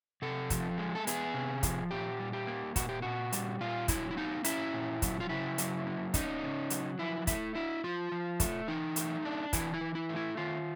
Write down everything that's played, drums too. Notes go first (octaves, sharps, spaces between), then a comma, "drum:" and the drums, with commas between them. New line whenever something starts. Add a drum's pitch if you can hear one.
C3 A4
F3, drum: kick, hi-hat
G#3
A4
B3 G#4, drum: hi-hat
C3
F3, drum: kick, hi-hat
A#2 G4
G3
G4
A#3
A#2 F#4, drum: kick, hi-hat
G4
A#2 F#4
G3, drum: hi-hat
A#2 F4
F#3 E4, drum: kick, hi-hat
E4
A#3 D#4
C#4 E4, drum: hi-hat
A#2
F#3, drum: kick, hi-hat
F4
C#3 E4
F#3, drum: hi-hat
A#3
C#4 D#4, drum: kick, hi-hat
C#3
F#3, drum: hi-hat
F3 E4
A3 E4, drum: kick, hi-hat
D4 E4
F3 F4
F3
A3, drum: kick, hi-hat
E3 D#4
A3, drum: hi-hat
D4
E3 E4, drum: kick, hi-hat
E4
E3
E4
A3
E4
D#3 F4